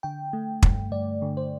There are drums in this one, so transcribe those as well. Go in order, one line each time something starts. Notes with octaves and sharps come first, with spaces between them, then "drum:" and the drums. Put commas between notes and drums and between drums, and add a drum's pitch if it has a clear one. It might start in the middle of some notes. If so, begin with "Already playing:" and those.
D3 G5
A3
G2, drum: kick
G2 D5
D3
C5